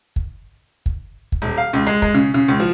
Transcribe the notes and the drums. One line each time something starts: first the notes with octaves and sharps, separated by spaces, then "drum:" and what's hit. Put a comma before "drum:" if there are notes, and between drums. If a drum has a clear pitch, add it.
drum: kick
drum: kick
drum: kick
D#1
F5
C#2
G#3
G#3, drum: kick
C#3
C#3
C#2
F3